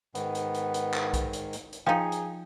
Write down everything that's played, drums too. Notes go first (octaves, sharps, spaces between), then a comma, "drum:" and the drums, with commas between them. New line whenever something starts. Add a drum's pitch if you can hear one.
G#2 D#3 B3, drum: hi-hat
drum: hi-hat
drum: hi-hat
drum: hi-hat
drum: clap
drum: kick B1, hi-hat
drum: hi-hat
drum: hi-hat
drum: hi-hat
F3 D#4 G#4 F5 G5
drum: hi-hat